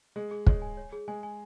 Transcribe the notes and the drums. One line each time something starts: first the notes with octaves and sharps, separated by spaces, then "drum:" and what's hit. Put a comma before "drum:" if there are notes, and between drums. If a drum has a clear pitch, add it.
G#3 G#4
G#4
G#3 C#5, drum: kick
G#5
C#5
G#4
G#3 G#5
G#5